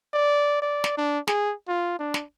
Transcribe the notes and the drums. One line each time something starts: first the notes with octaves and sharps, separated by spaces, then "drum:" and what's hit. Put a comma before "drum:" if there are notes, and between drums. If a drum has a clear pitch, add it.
D5
D5
drum: snare
D4
G#4, drum: snare
F4
D4
drum: snare